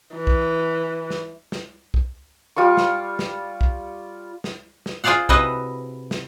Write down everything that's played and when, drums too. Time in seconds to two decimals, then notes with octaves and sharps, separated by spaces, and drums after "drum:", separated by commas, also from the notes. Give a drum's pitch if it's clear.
0.16 E3
0.27 drum: kick
1.10 drum: snare
1.52 drum: snare
1.94 drum: kick
2.56 G3 F4 D5 C#6
2.77 drum: snare
3.19 drum: snare
3.61 drum: kick
4.44 drum: snare
4.86 drum: snare
5.04 F4 G#4 C5 D5 F5 F#5
5.29 C3 E4 F#4 B4 D#5, drum: kick
6.11 drum: snare